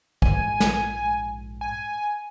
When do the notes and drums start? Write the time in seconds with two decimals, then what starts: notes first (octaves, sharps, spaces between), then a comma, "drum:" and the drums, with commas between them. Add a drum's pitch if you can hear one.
0.22 A#1 G#2 G#3 G#5, drum: kick
0.60 drum: snare
1.61 G#5